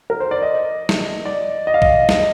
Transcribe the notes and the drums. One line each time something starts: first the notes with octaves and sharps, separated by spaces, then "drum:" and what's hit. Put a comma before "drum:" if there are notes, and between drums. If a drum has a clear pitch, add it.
A#4
C5
D5
D#5
drum: snare
D5
D#5
F5
D#5, drum: kick
D#5, drum: snare